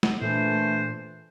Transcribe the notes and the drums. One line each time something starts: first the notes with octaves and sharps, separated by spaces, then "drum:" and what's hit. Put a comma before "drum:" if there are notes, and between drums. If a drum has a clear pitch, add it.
drum: snare
A#2 E3 A3 D4 C5